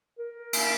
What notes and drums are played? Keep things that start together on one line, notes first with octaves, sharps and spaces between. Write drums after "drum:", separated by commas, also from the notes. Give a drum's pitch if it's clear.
A#4
drum: cymbal